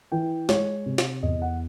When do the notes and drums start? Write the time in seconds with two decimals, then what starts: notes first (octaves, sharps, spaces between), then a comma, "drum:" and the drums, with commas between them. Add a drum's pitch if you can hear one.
0.12 E3 G5
0.49 G#3 C#5, drum: snare
0.86 C3
0.98 drum: snare
1.23 E2 D#5
1.42 F#5